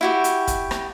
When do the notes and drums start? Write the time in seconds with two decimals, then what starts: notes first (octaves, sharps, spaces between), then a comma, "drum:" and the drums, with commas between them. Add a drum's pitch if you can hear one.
0.01 E4 F#4 G4
0.24 drum: hi-hat
0.47 drum: kick, hi-hat
0.71 drum: rim click